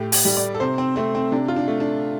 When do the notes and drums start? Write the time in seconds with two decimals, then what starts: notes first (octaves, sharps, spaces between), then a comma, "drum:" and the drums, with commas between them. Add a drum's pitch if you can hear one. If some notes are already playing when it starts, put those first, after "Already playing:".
Already playing: A2 G4
0.12 G4, drum: open hi-hat
0.25 G3
0.37 D5
0.55 A4
0.60 C3 C5
0.78 C4
0.96 A3 C4
1.15 C4
1.32 C3 D4
1.48 F4
1.56 D4
1.68 A3
1.80 D4